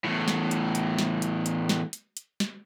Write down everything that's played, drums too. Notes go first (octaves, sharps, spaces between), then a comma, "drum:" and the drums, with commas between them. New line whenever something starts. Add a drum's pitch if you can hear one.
E2 A2
drum: snare
drum: hi-hat
drum: hi-hat
drum: snare
drum: hi-hat
drum: hi-hat
drum: snare
drum: hi-hat
drum: hi-hat
drum: snare